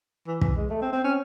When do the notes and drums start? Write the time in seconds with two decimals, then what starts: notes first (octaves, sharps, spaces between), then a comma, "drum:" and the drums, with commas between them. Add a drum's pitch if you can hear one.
0.27 E3
0.41 E3, drum: kick
0.56 G#3
0.70 A3
0.82 C4
0.93 C4
1.04 C#4